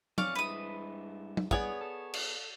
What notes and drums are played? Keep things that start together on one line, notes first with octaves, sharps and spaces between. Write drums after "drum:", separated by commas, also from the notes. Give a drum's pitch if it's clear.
F2 C#4 D5 F5 C#6, drum: tom
G2 G#3 E4 B4 D#6
drum: tom
B3 G#4 C#5 D5, drum: kick
A4
drum: cymbal